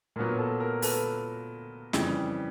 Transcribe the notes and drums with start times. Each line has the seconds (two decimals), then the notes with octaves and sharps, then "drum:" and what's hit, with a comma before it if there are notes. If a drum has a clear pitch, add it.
0.16 A#2 F#3 B3 A#4
0.38 A4
0.60 A#4
0.82 A4 B4, drum: open hi-hat
1.93 F2 C#3 E3 G3, drum: snare